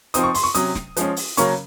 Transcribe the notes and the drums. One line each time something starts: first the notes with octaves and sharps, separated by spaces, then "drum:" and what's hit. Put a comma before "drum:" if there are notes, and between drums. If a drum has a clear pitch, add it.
F3 C4 D#4 D#6, drum: hi-hat
C#6
C6, drum: open hi-hat
C#6
C3 F#3 C#4 D#6, drum: hi-hat
drum: snare
F3 G#3 C#4, drum: hi-hat
drum: open hi-hat
C#3 F#3 A#3 C#4 C#6, drum: hi-hat